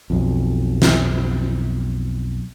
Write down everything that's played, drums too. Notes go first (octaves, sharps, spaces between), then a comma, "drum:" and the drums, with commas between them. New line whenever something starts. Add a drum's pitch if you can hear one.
B1 F2
drum: snare